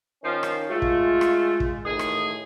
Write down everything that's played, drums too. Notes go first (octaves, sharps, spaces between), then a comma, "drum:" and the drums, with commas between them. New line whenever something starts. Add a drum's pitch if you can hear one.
D#3 F3 C#4
drum: rim click
G#3 A3 F4
drum: kick
drum: rim click
drum: kick
D#2 A2 D#3 E3 G#4
drum: rim click